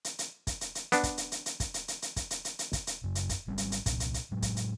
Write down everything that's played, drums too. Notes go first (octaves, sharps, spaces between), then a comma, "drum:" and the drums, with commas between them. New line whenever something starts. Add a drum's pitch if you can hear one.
drum: hi-hat
drum: hi-hat
drum: kick, hi-hat
drum: hi-hat
drum: hi-hat
B3 D4, drum: hi-hat
drum: kick, hi-hat
drum: hi-hat
drum: hi-hat
drum: hi-hat
drum: kick, hi-hat
drum: hi-hat
drum: hi-hat
drum: hi-hat
drum: kick, hi-hat
drum: hi-hat
drum: hi-hat
drum: hi-hat
drum: kick, hi-hat
drum: hi-hat
F#2 C#3 F#3
drum: hi-hat
drum: kick, hi-hat
G#1 G3 C4 C#4
drum: hi-hat
drum: hi-hat
C2 A#2, drum: kick, hi-hat
drum: hi-hat
drum: hi-hat
A2 F#3 G#3
drum: kick, hi-hat
drum: hi-hat